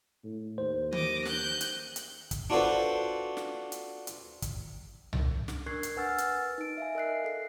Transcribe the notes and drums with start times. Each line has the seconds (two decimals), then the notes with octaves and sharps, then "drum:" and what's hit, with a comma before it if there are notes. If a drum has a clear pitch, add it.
0.24 A2
0.58 D#2 C5
0.93 D#5 D6, drum: tom
1.25 F#6 G6, drum: snare
1.61 drum: hi-hat
1.96 drum: hi-hat
2.31 drum: kick, hi-hat
2.50 D4 F4 F#4 A4 B4 C5
3.37 drum: snare
3.72 drum: hi-hat
4.07 drum: hi-hat
4.42 drum: kick, hi-hat
5.13 drum: tom C2
5.48 drum: snare
5.66 D4 A#4 C#6 F#6 G#6 C7
5.83 drum: hi-hat
5.97 B4 F#5 G#5 E6 F6 A6
6.18 drum: hi-hat
6.58 D#4 D7
6.78 E5 F5 G#5
6.95 A#4 D#5 F#6 C7
7.24 A4 C7